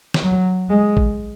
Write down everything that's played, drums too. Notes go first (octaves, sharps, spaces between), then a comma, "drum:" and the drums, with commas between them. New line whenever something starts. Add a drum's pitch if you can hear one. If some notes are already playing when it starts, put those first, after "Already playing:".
drum: snare
F#3
G#3
drum: kick A1